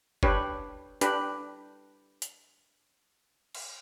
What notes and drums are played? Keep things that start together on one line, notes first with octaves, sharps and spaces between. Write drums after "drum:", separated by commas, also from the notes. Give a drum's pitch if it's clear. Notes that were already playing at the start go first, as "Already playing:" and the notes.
D4 G4 B4 C#5, drum: kick F#1
D4 G4 B4, drum: hi-hat
drum: hi-hat
drum: cymbal